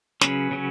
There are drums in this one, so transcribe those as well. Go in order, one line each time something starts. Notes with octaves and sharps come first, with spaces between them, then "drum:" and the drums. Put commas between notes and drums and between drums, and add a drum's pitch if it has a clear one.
C#3 F#3 C#4 B4, drum: snare
C#3 F#3 C#4